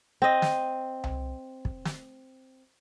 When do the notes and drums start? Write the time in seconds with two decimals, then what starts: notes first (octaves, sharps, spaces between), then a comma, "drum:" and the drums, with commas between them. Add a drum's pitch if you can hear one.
0.22 C4 D#5
0.42 drum: snare
1.04 drum: tom C2
1.65 drum: kick
1.85 drum: snare